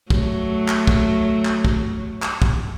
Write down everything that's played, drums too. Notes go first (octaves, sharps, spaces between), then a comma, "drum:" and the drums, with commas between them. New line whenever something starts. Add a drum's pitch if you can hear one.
F#3 A3, drum: kick
drum: clap
drum: kick
drum: clap
drum: kick
drum: clap
drum: kick